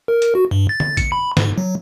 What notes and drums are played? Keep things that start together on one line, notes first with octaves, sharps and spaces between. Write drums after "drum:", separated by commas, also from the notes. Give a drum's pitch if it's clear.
A#4
drum: hi-hat
F#4
G2
A6
drum: tom D3
C#7, drum: kick, hi-hat
B5
G#2, drum: snare
F#3